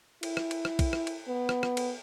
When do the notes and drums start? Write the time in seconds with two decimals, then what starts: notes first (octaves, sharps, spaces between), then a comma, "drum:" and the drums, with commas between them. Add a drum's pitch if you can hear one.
0.23 E4, drum: cymbal
0.37 drum: rim click
0.51 drum: cymbal
0.65 drum: rim click
0.79 drum: kick, cymbal
0.93 drum: rim click
1.07 drum: cymbal
1.28 B3
1.49 drum: rim click
1.63 drum: rim click
1.77 drum: cymbal